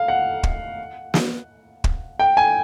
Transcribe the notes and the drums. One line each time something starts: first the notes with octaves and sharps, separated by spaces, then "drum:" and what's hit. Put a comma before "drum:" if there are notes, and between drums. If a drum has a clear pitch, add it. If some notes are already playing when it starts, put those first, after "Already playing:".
Already playing: F5
F#5
drum: kick
drum: snare
drum: kick
G5
G#5